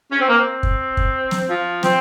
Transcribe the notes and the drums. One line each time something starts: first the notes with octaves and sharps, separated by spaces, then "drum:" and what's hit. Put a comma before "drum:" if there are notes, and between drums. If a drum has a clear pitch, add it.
C#4
C4
A#3
C4
drum: kick
drum: kick
drum: snare
F3
C4, drum: snare